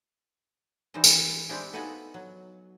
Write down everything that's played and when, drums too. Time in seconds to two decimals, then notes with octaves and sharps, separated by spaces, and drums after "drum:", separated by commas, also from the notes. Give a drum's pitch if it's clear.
0.94 E3 G3 C4 D#4 C5
1.04 drum: tambourine
1.49 G#3 C4 D4 E4 G4
1.73 B3 D#4 F#4 A4 F5 G#5
2.14 F#3